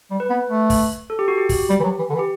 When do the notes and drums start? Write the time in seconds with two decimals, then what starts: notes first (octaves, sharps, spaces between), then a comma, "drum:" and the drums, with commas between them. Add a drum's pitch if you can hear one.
0.11 G3
0.20 B4
0.30 B3
0.50 A3
0.70 drum: kick, open hi-hat
1.10 A4
1.19 G4
1.28 F#4
1.38 G4
1.49 drum: kick, open hi-hat
1.69 G3
1.80 E3
1.84 F#3
1.99 E3
2.10 D3
2.14 E3
2.19 G4